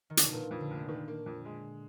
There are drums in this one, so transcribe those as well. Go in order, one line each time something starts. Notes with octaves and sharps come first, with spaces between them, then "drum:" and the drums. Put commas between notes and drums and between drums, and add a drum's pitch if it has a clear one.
D#3
D3, drum: hi-hat
B2
A#2 A#3
F2
D3
F1
D#3
A#3
F2
G#3